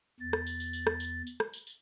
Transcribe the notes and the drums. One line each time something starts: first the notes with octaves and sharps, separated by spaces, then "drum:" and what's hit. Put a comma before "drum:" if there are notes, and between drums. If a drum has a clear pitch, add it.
E2 A6
drum: rim click
drum: tambourine
drum: tambourine
drum: tambourine
drum: rim click
drum: tambourine
drum: tambourine
drum: rim click
drum: tambourine
drum: tambourine